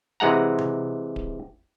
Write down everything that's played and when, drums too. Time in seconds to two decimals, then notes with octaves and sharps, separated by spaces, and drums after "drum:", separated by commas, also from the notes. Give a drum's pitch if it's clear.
0.20 C3 E3 G#3 F#5 A#5
0.58 drum: tom C3
1.16 drum: kick D1